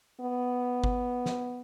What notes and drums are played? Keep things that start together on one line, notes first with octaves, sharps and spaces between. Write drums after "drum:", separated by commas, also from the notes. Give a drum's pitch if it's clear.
B3
drum: kick G1
drum: snare